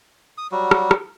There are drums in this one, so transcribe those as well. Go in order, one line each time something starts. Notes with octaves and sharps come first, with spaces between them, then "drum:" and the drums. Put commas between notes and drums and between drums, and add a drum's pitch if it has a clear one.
D#6
F#3 G3 F#4
drum: rim click
drum: rim click